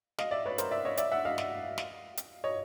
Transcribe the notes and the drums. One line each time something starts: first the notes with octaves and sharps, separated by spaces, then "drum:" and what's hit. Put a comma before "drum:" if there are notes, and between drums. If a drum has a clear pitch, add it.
D#5 F5, drum: snare
D5 E5
B4 C#5
A#4 C5, drum: hi-hat
D5 E5
C#5 D#5
D5 E5, drum: hi-hat
E5 F#5
D#5 F5
drum: snare
drum: snare
drum: hi-hat
C#5 D#5